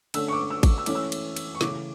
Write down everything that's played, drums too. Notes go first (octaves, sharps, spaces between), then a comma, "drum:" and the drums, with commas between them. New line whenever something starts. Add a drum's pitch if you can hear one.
D3 A3 C#4 E6, drum: cymbal
C#6
D6
E6
drum: kick A1, cymbal
E6
E3 A3 C#4 D6, drum: cymbal
E6
drum: cymbal
drum: cymbal
C#6
C#3 E3 A3 C#4 D6, drum: snare